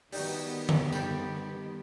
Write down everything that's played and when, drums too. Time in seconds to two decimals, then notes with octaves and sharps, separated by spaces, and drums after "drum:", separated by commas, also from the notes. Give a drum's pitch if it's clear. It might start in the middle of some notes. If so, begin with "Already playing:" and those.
0.12 D#3 G3 B3 D#4 F#4 G4, drum: open hi-hat
0.69 drum: tom D3
0.92 G3 A4 C5, drum: tambourine